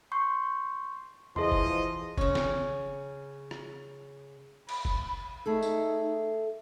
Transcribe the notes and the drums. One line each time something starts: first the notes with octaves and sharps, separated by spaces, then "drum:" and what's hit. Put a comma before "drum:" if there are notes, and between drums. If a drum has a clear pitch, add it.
C6 C#6 G6 C7
E3 F3 G#4 D#5 C6, drum: tom E2
drum: kick
C#3 C#4, drum: kick
drum: snare
drum: rim click
B5, drum: cymbal
drum: kick
A3 D#4 G#4 A4
drum: tambourine